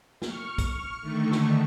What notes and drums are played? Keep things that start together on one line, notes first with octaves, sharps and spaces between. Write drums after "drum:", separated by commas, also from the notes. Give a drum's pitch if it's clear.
C#6 F6, drum: snare
drum: kick, hi-hat
D3 D#3 A3 C#6
drum: snare